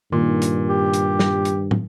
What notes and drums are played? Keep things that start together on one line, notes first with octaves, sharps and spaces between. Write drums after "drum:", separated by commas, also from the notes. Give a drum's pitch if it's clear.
G2 A#2 D#3
drum: hi-hat
G4
drum: hi-hat
drum: snare
drum: hi-hat
drum: tom